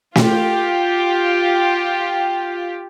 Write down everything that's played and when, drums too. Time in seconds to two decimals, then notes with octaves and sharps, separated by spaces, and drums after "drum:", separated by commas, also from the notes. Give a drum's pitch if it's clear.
0.15 F4 G4, drum: snare